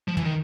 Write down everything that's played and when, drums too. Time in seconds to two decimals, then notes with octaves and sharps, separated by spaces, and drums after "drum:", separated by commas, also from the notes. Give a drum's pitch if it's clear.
0.08 F3
0.17 E3, drum: tom
0.25 D#3